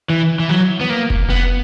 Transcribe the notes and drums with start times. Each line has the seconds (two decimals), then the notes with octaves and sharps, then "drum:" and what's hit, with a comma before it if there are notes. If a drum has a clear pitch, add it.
0.10 E3
0.39 E3
0.49 F#3
0.81 B3
0.90 A#3
1.10 drum: kick F1
1.30 B3